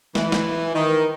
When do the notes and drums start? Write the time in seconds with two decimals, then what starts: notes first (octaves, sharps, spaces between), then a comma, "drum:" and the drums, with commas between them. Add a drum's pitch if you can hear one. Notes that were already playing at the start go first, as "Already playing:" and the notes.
0.15 E3, drum: snare
0.32 drum: snare
0.74 D#3